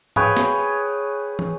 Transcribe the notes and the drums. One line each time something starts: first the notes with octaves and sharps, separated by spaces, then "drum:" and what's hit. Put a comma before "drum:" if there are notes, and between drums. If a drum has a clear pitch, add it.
G#4 B4 C#5 G5, drum: tom G#2
drum: snare
drum: tom